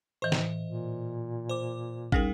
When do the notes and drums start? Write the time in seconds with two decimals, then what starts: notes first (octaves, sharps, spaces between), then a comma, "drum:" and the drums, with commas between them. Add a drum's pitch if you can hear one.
0.22 A2 E3 C5 D#5
0.32 drum: snare
0.64 A#2
1.49 C5 D6
2.12 D2 G3 C#4 D#4 G#4 A#4, drum: kick